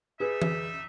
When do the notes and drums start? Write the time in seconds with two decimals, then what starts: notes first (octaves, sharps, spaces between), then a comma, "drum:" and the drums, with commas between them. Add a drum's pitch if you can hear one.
0.20 G3 D#4 G#4 B4 E5
0.42 drum: tom E3